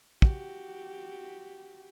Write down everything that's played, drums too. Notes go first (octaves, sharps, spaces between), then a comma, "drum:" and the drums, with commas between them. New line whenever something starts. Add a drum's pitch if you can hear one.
F#4 G4, drum: kick